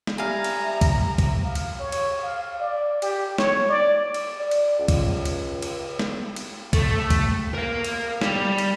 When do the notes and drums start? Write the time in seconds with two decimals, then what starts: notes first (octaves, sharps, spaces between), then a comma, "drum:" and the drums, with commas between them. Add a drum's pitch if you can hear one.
0.07 drum: snare
0.18 G3 E5 F5 G#5 A#5
0.44 drum: cymbal
0.81 drum: kick C2, cymbal
1.18 drum: kick C2, cymbal
1.44 F5
1.55 drum: cymbal
1.79 C#5
1.92 drum: cymbal
2.23 F5
2.60 D5
3.02 G4, drum: cymbal
3.38 C#5, drum: snare
3.69 D5
4.14 drum: cymbal
4.39 D5
4.51 drum: cymbal
4.79 C#2
4.88 drum: kick C2, cymbal
5.25 drum: cymbal
5.62 drum: cymbal
5.99 drum: snare
6.36 drum: cymbal
6.73 A3, drum: kick C2, cymbal
7.10 drum: kick C2, cymbal
7.54 A#4 F5
7.84 drum: cymbal
8.21 G3, drum: snare
8.58 drum: cymbal